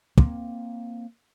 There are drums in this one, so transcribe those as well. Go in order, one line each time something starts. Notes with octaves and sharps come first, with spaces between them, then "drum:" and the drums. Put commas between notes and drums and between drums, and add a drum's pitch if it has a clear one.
A#3 C4, drum: kick